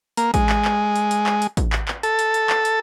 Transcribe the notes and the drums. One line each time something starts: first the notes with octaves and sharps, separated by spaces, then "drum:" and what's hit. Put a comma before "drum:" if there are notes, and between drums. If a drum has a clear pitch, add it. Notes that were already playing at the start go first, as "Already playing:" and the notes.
A#3, drum: hi-hat
G#3, drum: kick A1, hi-hat
drum: clap
drum: clap
drum: hi-hat
drum: hi-hat
drum: clap
drum: hi-hat
drum: kick A1, hi-hat
drum: clap
drum: clap
A4, drum: hi-hat
drum: hi-hat
drum: hi-hat
drum: clap
drum: hi-hat